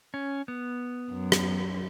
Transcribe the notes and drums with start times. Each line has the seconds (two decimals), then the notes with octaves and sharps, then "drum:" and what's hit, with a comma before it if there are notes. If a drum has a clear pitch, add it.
0.14 C#4
0.48 B3
1.11 F#2
1.32 drum: rim click